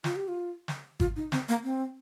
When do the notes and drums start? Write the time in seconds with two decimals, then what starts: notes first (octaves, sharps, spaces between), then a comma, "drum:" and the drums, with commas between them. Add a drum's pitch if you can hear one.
0.04 F4, drum: snare
0.16 G4
0.28 F4
0.68 drum: snare
1.00 F4, drum: kick G#1
1.16 D#4
1.32 C4, drum: snare
1.48 A#3
1.63 C4